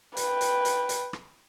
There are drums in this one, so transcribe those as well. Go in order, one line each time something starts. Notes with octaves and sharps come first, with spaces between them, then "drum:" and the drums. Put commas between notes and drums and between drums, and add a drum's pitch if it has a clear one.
B4 G5, drum: hi-hat
drum: hi-hat
drum: hi-hat
drum: hi-hat
drum: rim click